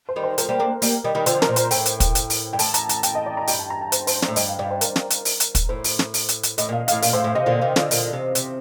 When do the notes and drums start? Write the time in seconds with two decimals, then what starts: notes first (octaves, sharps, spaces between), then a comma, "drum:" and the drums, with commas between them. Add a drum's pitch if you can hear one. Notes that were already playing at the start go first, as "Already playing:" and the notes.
0.09 C5
0.16 D#3 G3
0.23 C5
0.38 F3 A3 A#4, drum: hi-hat
0.49 G3 A#3
0.60 A#3 D4
0.82 G3 A#3, drum: open hi-hat
1.04 D#3 G3
1.15 D#3 G3
1.26 D3 F3 C5, drum: hi-hat
1.42 A#4, drum: snare
1.49 A#2
1.56 C5, drum: hi-hat
1.71 A2 G5, drum: open hi-hat
1.85 drum: hi-hat
2.00 drum: kick, hi-hat
2.15 drum: hi-hat
2.30 drum: open hi-hat
2.53 G2 G5
2.59 A2 A5, drum: open hi-hat
2.74 A#5, drum: hi-hat
2.89 A5, drum: hi-hat
3.03 G5, drum: hi-hat
3.15 D#5
3.26 D5
3.37 A#5
3.47 G2 G5, drum: open hi-hat
3.59 A5
3.70 A#5
3.81 A5
3.92 C5, drum: hi-hat
4.07 C5, drum: open hi-hat
4.22 D5, drum: snare
4.28 A2
4.36 G2 D#5, drum: open hi-hat
4.48 F5
4.59 G2 D5
4.70 C5
4.81 A#4, drum: hi-hat
4.96 drum: snare
5.10 drum: hi-hat
5.25 drum: open hi-hat
5.40 drum: hi-hat
5.55 drum: kick, hi-hat
5.69 A2 C5
5.84 drum: open hi-hat
5.99 drum: snare
6.14 drum: open hi-hat
6.29 drum: hi-hat
6.43 drum: hi-hat
6.58 A2 D#5, drum: hi-hat
6.69 A#2 F5
6.88 A2 F5, drum: hi-hat
7.02 A#2 F5, drum: open hi-hat
7.13 A2 C5
7.24 A2 F5
7.35 C3 D#5
7.46 A#2 D3 F5
7.61 C3 D#3
7.76 D3 F3, drum: snare
7.91 A#2 D3, drum: open hi-hat
8.13 C3
8.35 C3, drum: hi-hat